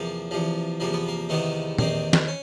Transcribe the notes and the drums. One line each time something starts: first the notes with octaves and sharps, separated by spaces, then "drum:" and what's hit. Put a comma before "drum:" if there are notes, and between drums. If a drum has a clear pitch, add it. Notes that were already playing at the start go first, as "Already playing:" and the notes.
Already playing: E2 C3 F3 A#3
E2 C3 F3
E2 C3 F3 A#3
B3
A#3
E2 C3 D#3 A3 B3
E2 C3 D#3 A#3 C4, drum: tom
drum: snare
C#4